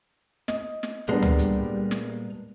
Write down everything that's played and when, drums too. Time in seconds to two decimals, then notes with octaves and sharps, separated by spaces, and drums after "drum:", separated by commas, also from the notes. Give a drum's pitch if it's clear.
0.48 D#5, drum: snare
0.83 drum: snare
1.09 A#2 G3 G#3 A#3 B3 D4 B4
1.22 drum: tom C#2
1.39 drum: hi-hat
1.91 drum: snare